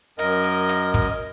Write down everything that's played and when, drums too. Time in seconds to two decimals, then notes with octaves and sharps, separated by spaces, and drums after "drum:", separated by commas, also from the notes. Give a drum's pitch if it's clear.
0.19 F#2 A#4 D#5, drum: hi-hat
0.44 drum: hi-hat
0.69 drum: hi-hat
0.94 drum: kick, hi-hat